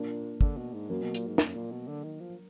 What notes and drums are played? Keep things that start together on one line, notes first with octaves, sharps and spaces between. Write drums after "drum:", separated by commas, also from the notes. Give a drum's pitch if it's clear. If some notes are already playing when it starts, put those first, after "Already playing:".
Already playing: A#2 A#3 D4
D3, drum: kick
B2
G#2
F#2 F#3 A#3
B2
A#2, drum: hi-hat
G#2
F#2, drum: snare
A#2
B2
D3
D#3
F3